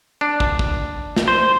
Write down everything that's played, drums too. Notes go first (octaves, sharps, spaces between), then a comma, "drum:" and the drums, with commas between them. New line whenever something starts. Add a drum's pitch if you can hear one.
D4
drum: kick
drum: kick
drum: snare
C5